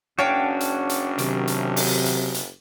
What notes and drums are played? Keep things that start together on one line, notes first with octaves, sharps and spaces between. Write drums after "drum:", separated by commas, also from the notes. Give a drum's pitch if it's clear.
F#1 C#4 D4 F#4 C#5 F5 G5
drum: hi-hat
drum: hi-hat
C3 D#3 F#3, drum: hi-hat
drum: hi-hat
drum: open hi-hat
drum: hi-hat
drum: hi-hat